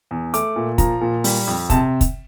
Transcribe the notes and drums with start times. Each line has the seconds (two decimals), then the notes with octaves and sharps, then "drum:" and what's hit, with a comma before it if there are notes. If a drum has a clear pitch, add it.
0.11 E2
0.34 A3 D6, drum: hi-hat
0.56 A#2
0.78 F3 A#5, drum: kick, hi-hat
1.01 A#2
1.24 G3, drum: open hi-hat
1.48 F2
1.70 C3 A5, drum: kick, hi-hat
2.01 drum: kick, hi-hat